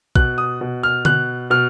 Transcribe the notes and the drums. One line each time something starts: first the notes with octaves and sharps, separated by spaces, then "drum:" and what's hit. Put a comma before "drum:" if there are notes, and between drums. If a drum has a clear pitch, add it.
B2 F#6, drum: kick
D#6
B2
F6
B2 F#6, drum: tom D3
B2 F6